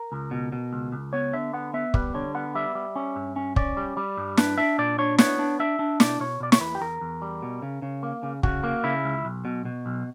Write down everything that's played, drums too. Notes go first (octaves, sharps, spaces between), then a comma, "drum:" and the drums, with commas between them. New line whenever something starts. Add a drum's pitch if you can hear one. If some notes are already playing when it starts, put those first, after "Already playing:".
Already playing: A#4
C#2
B2
B2
C#2
C#2
B3 C#5
D3 E5
B3 F#5
B3 E5
G3 B4, drum: kick
D3 C#5
B3 F#5
G3 E5
G3
C#4
G2
C#4
C#4 D5, drum: kick
G3
G3
G2
D4 B4, drum: snare
D4 E5
A#2 D5
D4 C#5
B3 C#5, drum: snare
D4
D4 E5
D4
B2 D5, drum: snare
B2 C#5
B2 D5
C#5, drum: snare
E2 B4
G4
E2 A#4
E2
G3
B2
C#3
C#3
A#3
C#3
C#3 F#4, drum: kick
A#3
C#3 E4
C#2
B1
B2
B2
B1